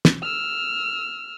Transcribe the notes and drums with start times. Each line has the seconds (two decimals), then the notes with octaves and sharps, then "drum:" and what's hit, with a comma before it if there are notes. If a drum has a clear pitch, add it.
0.05 drum: snare
0.22 E6 F6